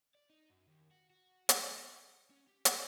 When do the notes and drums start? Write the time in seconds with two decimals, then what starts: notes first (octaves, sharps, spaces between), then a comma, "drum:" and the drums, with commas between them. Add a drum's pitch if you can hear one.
0.15 D5
0.30 D#4
0.50 F#2
0.68 D#2
0.91 F#4
1.10 F#4
1.49 F#3, drum: hi-hat
1.76 F#4
1.91 F#5
2.30 C#4
2.47 G4
2.65 G4, drum: hi-hat